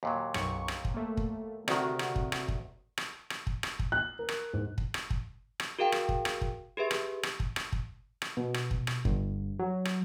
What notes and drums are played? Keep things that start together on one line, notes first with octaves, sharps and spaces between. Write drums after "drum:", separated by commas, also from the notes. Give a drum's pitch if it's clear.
D#2 A#2 F#3
B1 F#2 C#6, drum: rim click
drum: rim click
drum: kick
A3 A#3
drum: kick
D2 C3 D#3 F#4, drum: rim click
drum: rim click
drum: kick
drum: rim click
drum: kick
drum: rim click
drum: rim click
drum: kick
drum: rim click
drum: kick
F#6
A#4
drum: rim click
G#2
drum: kick
drum: rim click
drum: kick
drum: rim click
F#4 G#4 A#4 F5 G5
drum: rim click
drum: kick
drum: rim click
drum: kick
G4 G#4 B4 E5
drum: rim click
drum: rim click
drum: kick
drum: rim click
drum: kick
drum: rim click
B2
drum: rim click
drum: kick
drum: rim click
G1, drum: kick
F#3
drum: rim click